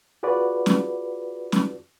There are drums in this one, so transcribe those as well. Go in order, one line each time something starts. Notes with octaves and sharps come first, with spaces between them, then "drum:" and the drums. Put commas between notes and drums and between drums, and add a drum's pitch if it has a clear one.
F4 F#4 G#4 B4 D5
drum: snare
drum: snare